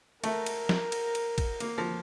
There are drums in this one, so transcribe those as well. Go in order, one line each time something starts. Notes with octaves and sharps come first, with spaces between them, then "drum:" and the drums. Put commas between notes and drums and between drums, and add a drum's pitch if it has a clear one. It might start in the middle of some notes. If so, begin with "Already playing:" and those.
A3 A#4, drum: cymbal
drum: cymbal
drum: snare
drum: cymbal
drum: cymbal
drum: kick A1, cymbal
A#3, drum: cymbal
F3